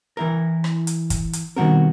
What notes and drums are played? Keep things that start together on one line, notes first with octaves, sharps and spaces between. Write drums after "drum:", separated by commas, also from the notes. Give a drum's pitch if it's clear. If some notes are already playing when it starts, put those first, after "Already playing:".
E3 E4 A#4
drum: rim click
drum: hi-hat
drum: kick, hi-hat
drum: hi-hat
B2 D#3 G3 C4 F#4 A#4